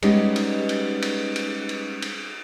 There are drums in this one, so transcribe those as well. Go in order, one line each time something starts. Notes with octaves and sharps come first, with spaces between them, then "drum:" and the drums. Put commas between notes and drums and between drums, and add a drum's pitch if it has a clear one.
G3 G#3 B3 C#4 D#4 G4, drum: cymbal
drum: cymbal
drum: cymbal
drum: cymbal
drum: cymbal
drum: cymbal
drum: cymbal